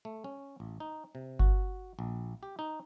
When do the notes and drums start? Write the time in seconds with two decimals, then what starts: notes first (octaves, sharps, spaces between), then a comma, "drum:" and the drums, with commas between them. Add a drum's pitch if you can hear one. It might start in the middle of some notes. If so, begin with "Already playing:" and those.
0.05 A3
0.24 C#4
0.60 A1
0.80 D#4
1.15 C3
1.39 F#4, drum: kick G1
1.99 A#1
2.43 G4
2.59 D#4